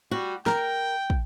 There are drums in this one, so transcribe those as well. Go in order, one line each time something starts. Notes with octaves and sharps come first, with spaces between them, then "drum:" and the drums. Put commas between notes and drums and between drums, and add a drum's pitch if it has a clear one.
G3 F#4
A#4 G5, drum: snare
drum: kick